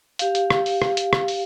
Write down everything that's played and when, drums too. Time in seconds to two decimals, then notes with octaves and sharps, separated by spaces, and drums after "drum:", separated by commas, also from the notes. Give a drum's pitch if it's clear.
0.19 G4 F5, drum: hi-hat
0.35 drum: hi-hat
0.50 drum: rim click
0.66 drum: open hi-hat
0.82 drum: rim click
0.97 drum: hi-hat
1.13 drum: rim click
1.28 drum: open hi-hat